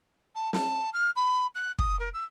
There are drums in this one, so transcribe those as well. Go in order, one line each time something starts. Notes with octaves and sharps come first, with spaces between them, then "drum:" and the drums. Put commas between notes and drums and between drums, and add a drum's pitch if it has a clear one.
A5
A5, drum: snare
F6
B5
F#6
D#6, drum: kick
A#4
E6